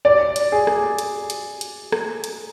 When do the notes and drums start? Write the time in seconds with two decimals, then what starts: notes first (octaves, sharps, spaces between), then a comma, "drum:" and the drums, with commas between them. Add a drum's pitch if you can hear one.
0.05 D5
0.36 drum: hi-hat
0.52 G#4
0.67 drum: rim click
0.99 drum: hi-hat
1.30 drum: hi-hat
1.61 drum: hi-hat
1.92 drum: rim click
2.24 drum: hi-hat